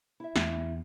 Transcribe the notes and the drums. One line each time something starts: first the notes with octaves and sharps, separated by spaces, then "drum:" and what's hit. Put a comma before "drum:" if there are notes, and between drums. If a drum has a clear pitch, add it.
E4 E5
E2, drum: snare